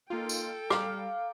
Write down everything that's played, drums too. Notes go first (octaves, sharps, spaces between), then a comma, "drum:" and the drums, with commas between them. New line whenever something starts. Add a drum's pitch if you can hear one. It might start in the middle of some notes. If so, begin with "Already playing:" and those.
A#3 D#4 F4 A4 G5
drum: tambourine
G3 F5 A#5 D6, drum: rim click